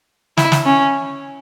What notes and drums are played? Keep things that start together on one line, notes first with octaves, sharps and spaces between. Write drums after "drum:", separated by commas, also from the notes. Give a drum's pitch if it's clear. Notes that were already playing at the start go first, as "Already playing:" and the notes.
E4, drum: snare
drum: snare
C#4